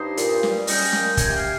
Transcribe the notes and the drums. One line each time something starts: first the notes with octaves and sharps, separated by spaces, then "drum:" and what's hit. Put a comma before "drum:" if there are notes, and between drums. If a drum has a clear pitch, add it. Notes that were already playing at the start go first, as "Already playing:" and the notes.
Already playing: G2 D#4 C5 D#5
A#2, drum: hi-hat
G3, drum: snare
C#4 D#5 G5, drum: open hi-hat
A#2, drum: snare
C3 G#5, drum: kick, hi-hat
G5
F5 G#5